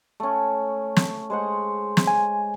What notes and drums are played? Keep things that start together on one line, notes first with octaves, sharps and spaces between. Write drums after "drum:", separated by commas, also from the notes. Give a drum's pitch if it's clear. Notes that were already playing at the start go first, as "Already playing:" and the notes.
A3 C#4
drum: snare
G#3 C5 F#5
drum: snare
G#5